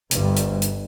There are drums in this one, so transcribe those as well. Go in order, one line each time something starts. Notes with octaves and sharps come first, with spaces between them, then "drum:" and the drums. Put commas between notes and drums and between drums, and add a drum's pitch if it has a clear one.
G1 D2 G2 G3, drum: hi-hat
drum: hi-hat
drum: hi-hat